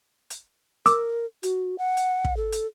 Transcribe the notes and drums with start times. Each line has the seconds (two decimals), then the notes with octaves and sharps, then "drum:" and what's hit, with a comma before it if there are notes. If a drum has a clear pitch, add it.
0.30 drum: hi-hat
0.86 A#4 D6 E6, drum: hi-hat
1.43 F#4, drum: hi-hat
1.78 F#5
1.97 drum: hi-hat
2.25 drum: kick
2.37 A4
2.52 drum: hi-hat